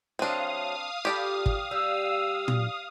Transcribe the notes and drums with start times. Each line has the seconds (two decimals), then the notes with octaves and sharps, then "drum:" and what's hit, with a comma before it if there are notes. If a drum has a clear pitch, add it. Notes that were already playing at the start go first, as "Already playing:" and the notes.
0.19 F#3 A3 C4 D4 F5 D#6
1.05 G3 F4 G4 A4 D5 B5
1.46 drum: kick
1.71 G3 E6
2.48 drum: tom A#2